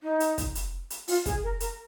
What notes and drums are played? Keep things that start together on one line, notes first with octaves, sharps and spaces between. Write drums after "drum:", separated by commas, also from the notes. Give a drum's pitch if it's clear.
D#4
drum: hi-hat
drum: kick, hi-hat
drum: hi-hat
drum: hi-hat
F4, drum: open hi-hat
G#4, drum: kick, hi-hat
A#4
A#4, drum: hi-hat